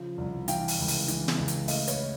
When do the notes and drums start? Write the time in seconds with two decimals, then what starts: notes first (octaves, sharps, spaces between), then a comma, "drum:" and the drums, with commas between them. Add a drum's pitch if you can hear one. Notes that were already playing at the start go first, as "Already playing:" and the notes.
Already playing: C#3 F3
0.18 C2
0.48 E3 F5 G5, drum: hi-hat
0.68 drum: open hi-hat
0.78 C#2
0.88 drum: open hi-hat
1.08 E3, drum: hi-hat
1.28 drum: snare
1.38 C#2
1.48 drum: hi-hat
1.68 A3 D#5 F5, drum: open hi-hat
1.88 B4 C#5, drum: hi-hat